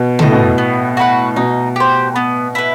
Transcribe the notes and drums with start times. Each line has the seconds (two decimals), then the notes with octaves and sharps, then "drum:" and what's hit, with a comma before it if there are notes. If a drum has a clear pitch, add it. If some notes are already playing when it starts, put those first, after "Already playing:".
Already playing: B2
0.19 A2 A4 C5 D#5, drum: tom
0.32 B2
0.58 B3
0.97 F#4 B4 F#5
1.36 B2 D#4
1.76 G4 C5
2.16 B3
2.55 E4 B4